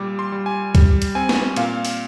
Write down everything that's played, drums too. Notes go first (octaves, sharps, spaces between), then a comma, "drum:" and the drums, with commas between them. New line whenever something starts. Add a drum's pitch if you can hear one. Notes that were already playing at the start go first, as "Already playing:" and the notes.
Already playing: A#2 G3 D6
C6
G3
G#5
G3, drum: kick C#2, hi-hat
drum: hi-hat
C4 G#5
drum: snare
A#2 F5, drum: hi-hat
drum: open hi-hat